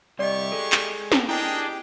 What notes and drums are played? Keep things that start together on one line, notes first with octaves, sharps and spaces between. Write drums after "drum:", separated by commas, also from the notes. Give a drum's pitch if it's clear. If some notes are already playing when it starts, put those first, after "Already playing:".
C2 E4 G4 D5 D#5 C#6
G#3 A4
drum: clap
drum: snare
D4 E4 G4 G#4 A#4 D#5 G5